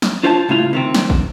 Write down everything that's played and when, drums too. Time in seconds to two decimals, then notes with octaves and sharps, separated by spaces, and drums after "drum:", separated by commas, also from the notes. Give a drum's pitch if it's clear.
0.02 drum: snare
0.23 D4 F4 C5 C#5 G5 A5
0.48 C2 A2 C#3 E4 F4
0.73 C3 D#3 C4
0.94 drum: snare
1.10 drum: kick